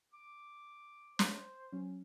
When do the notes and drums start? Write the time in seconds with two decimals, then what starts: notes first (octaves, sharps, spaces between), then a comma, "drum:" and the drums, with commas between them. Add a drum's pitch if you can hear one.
0.13 D6
1.19 C5, drum: snare
1.72 F#3 C#4